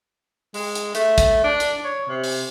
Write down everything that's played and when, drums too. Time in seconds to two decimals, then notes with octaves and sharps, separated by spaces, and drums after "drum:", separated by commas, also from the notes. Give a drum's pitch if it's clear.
0.54 G#3, drum: open hi-hat
0.75 drum: hi-hat
0.95 A3, drum: hi-hat
1.18 drum: kick, hi-hat
1.44 D4
1.60 drum: hi-hat
1.84 C#5
2.08 C3
2.24 drum: open hi-hat